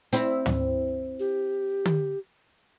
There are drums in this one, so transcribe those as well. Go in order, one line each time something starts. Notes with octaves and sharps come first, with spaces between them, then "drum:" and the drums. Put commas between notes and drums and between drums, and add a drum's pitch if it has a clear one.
C4 E4, drum: hi-hat
drum: tom
G4
drum: tom